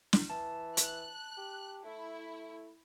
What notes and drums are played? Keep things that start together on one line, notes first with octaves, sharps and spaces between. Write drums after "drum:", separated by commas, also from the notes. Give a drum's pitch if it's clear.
drum: snare
E3 A5
F#6, drum: hi-hat
G4
A3 E4